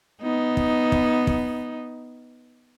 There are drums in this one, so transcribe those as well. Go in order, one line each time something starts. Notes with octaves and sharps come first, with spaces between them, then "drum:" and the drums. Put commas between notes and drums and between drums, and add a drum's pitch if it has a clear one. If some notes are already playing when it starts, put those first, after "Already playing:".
B3 D#4
drum: kick
drum: kick
drum: kick